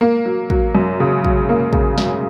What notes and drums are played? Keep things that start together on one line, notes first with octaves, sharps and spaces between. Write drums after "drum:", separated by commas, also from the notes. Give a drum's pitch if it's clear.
A#3
F#3
F#3, drum: kick
F#2
C#3
F#3, drum: kick
A#3
C#3, drum: kick
F#2, drum: snare